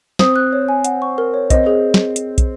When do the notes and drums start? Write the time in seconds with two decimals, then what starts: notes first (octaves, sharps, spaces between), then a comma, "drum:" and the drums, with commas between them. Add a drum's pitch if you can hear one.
0.19 C4 D#6, drum: snare
0.36 F#6
0.53 C#5
0.69 G#5
0.84 F#5, drum: hi-hat
1.02 C#6
1.18 A#4
1.34 C#5
1.50 C4 D#5, drum: kick, hi-hat
1.66 G#4
1.94 drum: snare
2.16 drum: hi-hat
2.38 drum: kick, hi-hat